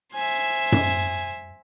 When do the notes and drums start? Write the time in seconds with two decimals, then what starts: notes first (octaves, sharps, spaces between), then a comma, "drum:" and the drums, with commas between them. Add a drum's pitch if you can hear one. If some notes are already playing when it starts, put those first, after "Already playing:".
0.15 C5 E5 G#5
0.72 drum: tom F#2